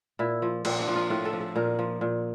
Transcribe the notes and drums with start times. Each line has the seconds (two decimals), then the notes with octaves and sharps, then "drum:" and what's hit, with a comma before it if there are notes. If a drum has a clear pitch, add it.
0.19 A#2 E4
0.42 F3
0.65 A#2 C4, drum: cymbal
0.80 D4
0.88 F3
0.96 F4
1.10 A2 F4
1.25 A4
1.33 F3
1.41 A4
1.56 A#2 A#4
1.79 F3
2.01 A#2